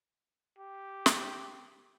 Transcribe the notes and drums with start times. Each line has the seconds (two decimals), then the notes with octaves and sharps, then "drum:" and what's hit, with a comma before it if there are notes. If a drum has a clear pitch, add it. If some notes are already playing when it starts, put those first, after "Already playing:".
0.58 G4
1.06 drum: snare